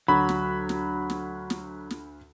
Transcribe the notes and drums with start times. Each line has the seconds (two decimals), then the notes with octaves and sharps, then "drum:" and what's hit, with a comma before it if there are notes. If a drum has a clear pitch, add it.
0.08 D2 F#3 B5
0.29 drum: snare
0.69 drum: snare
1.10 drum: snare
1.50 drum: snare
1.91 drum: snare